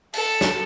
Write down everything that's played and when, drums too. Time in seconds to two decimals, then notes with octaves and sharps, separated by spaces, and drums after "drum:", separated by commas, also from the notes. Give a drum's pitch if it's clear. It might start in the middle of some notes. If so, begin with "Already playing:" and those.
0.14 A4, drum: cymbal
0.41 drum: snare